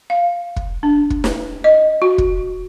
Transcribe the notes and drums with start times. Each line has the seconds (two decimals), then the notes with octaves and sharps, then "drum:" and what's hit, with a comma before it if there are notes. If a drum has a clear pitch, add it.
0.10 F5
0.56 drum: kick
0.83 D4
1.10 drum: kick
1.24 drum: snare
1.64 D#5
2.02 F#4
2.18 drum: kick